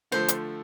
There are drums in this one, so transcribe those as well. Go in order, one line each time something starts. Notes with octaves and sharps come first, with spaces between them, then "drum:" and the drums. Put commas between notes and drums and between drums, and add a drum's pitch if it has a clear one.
D3 F3 A3 C5
drum: hi-hat